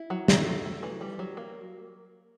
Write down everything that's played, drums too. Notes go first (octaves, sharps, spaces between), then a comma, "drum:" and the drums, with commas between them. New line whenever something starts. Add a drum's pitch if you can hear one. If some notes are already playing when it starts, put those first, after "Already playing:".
Already playing: E4
F#3
A3, drum: snare
F#3
A3
E3
G3
F#3
A#3